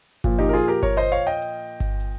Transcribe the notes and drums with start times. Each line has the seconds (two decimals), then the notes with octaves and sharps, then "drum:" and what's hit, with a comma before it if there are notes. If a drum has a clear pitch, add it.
0.24 A#2 F3, drum: kick G1, hi-hat
0.39 D#4 G4
0.49 A#4
0.53 F4 G#4
0.68 G4 A#4
0.83 A#4 C#5, drum: kick G1, hi-hat
0.97 C5 D#5
1.12 C#5 F5
1.27 D#5 G5
1.41 drum: hi-hat
1.80 drum: kick G1, hi-hat
2.00 drum: hi-hat